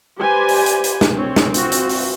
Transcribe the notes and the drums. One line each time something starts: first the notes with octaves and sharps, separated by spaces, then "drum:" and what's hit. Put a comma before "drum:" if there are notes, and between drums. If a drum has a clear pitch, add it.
G4 B4 C5 D5 G#5
drum: open hi-hat
drum: hi-hat
drum: hi-hat
drum: snare
C4 C#5
drum: snare
C4 F4 F#4, drum: hi-hat
drum: hi-hat
drum: open hi-hat